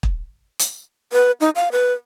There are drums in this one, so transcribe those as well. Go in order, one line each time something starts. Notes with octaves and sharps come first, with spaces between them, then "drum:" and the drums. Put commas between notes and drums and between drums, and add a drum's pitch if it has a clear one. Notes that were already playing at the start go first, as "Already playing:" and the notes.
drum: kick
drum: hi-hat
B4
D#4
F5
B4